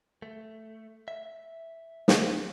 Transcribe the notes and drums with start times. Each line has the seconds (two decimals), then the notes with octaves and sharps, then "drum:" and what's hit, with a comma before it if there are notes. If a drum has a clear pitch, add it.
0.22 A3
1.08 E5
2.08 drum: snare